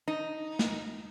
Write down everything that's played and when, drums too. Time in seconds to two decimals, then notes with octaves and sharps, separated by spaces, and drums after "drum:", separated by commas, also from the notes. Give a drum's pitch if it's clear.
0.08 D#4
0.59 drum: snare